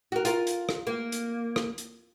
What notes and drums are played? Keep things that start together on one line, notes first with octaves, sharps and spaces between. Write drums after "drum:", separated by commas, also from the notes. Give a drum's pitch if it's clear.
F#4 A#4
F4 A#4, drum: hi-hat
drum: hi-hat
drum: rim click
A#3
drum: hi-hat
drum: rim click
drum: hi-hat